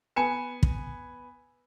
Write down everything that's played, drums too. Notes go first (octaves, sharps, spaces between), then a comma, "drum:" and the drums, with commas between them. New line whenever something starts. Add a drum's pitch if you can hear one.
B3 G#5 C#7 E7
drum: kick